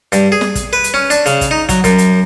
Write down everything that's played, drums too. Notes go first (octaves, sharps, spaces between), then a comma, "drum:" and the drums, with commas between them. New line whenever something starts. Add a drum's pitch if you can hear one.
G2, drum: hi-hat
G#4
drum: snare
drum: kick, hi-hat
B4
drum: hi-hat
C#4
D4, drum: hi-hat
C#3, drum: hi-hat
drum: kick, hi-hat
D#4
F#3, drum: kick, hi-hat
F#2, drum: kick, hi-hat
drum: hi-hat